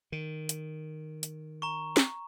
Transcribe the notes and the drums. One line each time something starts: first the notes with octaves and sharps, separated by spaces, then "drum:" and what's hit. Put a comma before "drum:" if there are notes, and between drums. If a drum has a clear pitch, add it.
D#3
drum: hi-hat
drum: hi-hat
A#5 C#6
drum: snare